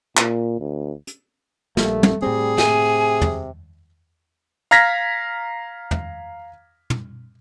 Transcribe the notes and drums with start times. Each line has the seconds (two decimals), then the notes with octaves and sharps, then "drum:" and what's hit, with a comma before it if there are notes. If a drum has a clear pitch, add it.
0.17 A#2, drum: clap
0.60 D2
1.07 drum: hi-hat
1.77 A#1 G3 A3 A#3, drum: snare
2.03 drum: tom
2.22 A2 G3 C4 G#4
2.58 C3 G#5, drum: snare
3.21 drum: tom
4.71 F5 A#5 F6 G#6 A#6 B6, drum: hi-hat
5.91 drum: tom
6.90 drum: tom